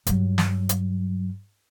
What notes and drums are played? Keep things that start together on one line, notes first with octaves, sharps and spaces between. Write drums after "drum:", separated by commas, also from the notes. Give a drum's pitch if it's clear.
G2 F#3, drum: hi-hat
drum: snare
drum: hi-hat